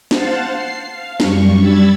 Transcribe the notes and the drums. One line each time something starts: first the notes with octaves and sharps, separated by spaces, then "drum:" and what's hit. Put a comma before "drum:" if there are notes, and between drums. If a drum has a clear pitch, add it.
C5 F5 F#5 A5 A6, drum: snare C#4
C7
F5
F#2 G3 C#6, drum: snare C#4
G3 D4 B5 E6 G#6 A6